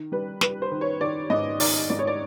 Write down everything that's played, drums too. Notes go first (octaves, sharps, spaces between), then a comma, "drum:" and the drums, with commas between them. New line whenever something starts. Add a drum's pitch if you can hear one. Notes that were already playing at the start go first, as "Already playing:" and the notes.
Already playing: D#3
G3 B4
G3 B4, drum: snare
C5
D#3
C#5
D#3 D5
G#2 D#5
D#3 D5, drum: open hi-hat
G#2 D5
C#5
D5